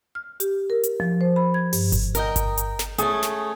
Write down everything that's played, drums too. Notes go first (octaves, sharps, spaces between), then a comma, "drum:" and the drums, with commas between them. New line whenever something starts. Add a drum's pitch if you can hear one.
F6
G4, drum: hi-hat
A#4
drum: hi-hat
F3
C5
B5
G#6
G2, drum: open hi-hat
drum: kick G1, hi-hat
A#4 D#5 G5, drum: hi-hat
drum: kick G1, hi-hat
drum: hi-hat
drum: snare
A3 C#4 G#4, drum: hi-hat
drum: snare